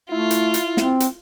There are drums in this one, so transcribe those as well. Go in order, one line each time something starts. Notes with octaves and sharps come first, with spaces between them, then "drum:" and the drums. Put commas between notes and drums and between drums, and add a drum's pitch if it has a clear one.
A3 E4 F4
drum: hi-hat
drum: hi-hat
C4, drum: snare
drum: hi-hat